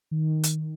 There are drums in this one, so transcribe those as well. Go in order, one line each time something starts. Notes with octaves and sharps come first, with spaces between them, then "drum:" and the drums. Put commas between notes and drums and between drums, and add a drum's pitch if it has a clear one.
D#3
drum: hi-hat